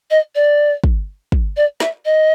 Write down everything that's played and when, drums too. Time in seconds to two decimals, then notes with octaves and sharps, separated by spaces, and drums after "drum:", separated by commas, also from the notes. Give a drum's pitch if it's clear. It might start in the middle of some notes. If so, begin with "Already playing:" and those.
0.11 D#5
0.35 D5
0.84 drum: kick
1.32 drum: kick
1.57 D5
1.80 E5, drum: snare
2.05 D#5